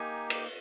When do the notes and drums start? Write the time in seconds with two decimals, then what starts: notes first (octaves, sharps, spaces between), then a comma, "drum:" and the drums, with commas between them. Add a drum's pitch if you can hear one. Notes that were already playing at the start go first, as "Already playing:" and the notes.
Already playing: A#3 D#4 G4 G#5
0.30 drum: cymbal